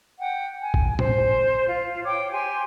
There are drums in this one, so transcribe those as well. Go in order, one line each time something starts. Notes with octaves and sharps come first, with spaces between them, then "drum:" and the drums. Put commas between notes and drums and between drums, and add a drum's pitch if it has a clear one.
F#5 G5
G#5
drum: kick G#1
C5, drum: tom A2
F4
C#5 G5 D6
G4 G#5 C6